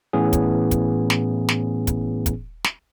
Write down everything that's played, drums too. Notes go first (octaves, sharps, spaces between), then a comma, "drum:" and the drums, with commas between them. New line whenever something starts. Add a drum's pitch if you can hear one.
A2 E3 B3 C#4 G#4
drum: kick, hi-hat
drum: kick, hi-hat
drum: snare
drum: snare
drum: kick, hi-hat
drum: kick, hi-hat
drum: snare